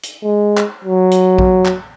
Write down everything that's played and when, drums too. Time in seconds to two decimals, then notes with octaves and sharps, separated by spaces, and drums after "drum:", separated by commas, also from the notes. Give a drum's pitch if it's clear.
0.03 drum: hi-hat
0.23 G#3
0.57 drum: clap
0.84 F#3
1.11 drum: hi-hat
1.38 drum: kick A#1
1.65 drum: clap